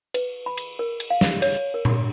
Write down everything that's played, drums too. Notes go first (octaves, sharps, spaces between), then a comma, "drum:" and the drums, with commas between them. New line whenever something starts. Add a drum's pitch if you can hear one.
B4, drum: cymbal
B5
drum: cymbal
A#4
drum: cymbal
F5
drum: snare
C#5, drum: cymbal
A#4
drum: tom A#2